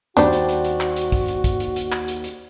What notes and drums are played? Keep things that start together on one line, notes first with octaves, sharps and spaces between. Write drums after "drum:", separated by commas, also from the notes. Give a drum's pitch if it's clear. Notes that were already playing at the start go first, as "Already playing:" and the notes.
D#2 G3 D4 F#4 C5 D5, drum: hi-hat
drum: hi-hat
drum: hi-hat
drum: hi-hat
drum: clap
drum: hi-hat
drum: kick, open hi-hat
drum: hi-hat
drum: kick, hi-hat
drum: hi-hat
drum: hi-hat
drum: clap
drum: hi-hat
drum: hi-hat